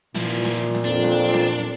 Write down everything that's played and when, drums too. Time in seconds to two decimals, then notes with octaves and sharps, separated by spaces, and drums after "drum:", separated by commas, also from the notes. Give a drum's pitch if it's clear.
0.15 A#2 F3 E4, drum: snare
0.45 drum: snare
0.75 drum: snare
0.84 F2 D4
1.04 drum: snare
1.34 drum: snare